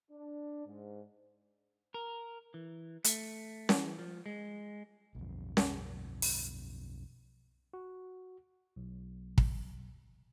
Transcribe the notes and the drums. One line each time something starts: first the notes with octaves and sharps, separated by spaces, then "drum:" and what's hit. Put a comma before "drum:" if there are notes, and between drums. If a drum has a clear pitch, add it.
D4
G#2
A#4
E3
A3, drum: hi-hat
E3, drum: snare C#4
F3
G#3
B1 F2
drum: snare C#4
drum: open hi-hat
F#4
B1
drum: kick